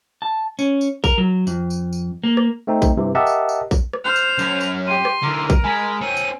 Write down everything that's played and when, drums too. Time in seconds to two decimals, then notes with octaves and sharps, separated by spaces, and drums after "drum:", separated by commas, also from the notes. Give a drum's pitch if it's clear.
0.22 A5
0.59 C#4, drum: tambourine
0.81 drum: tambourine
1.04 A#4, drum: kick, tambourine
1.18 F#3
1.47 F2, drum: tambourine
1.70 drum: tambourine
1.93 drum: tambourine
2.24 A#3
2.37 drum: rim click
2.67 A3 C4 D#4
2.82 drum: kick, tambourine
2.97 G2 C3 E3
3.15 G4 A#4 D#5 E5 F#5 A5
3.26 drum: tambourine
3.49 drum: tambourine
3.71 drum: kick, tambourine
3.93 drum: rim click
4.04 C5 F6 F#6 F7
4.16 drum: tambourine
4.39 F#2 C#4, drum: tambourine
4.60 drum: tambourine
4.87 G4 C6 D#7
5.05 drum: rim click
5.22 D3 E3 A#4
5.50 drum: kick, tambourine
5.64 G#3 G#5 B5
6.01 C4 C#5 D#7
6.17 drum: tambourine